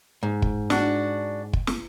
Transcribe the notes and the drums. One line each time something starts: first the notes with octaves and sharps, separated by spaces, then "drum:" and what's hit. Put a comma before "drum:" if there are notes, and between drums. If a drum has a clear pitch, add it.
G#2
drum: kick
D4 F#4, drum: snare
drum: kick
drum: snare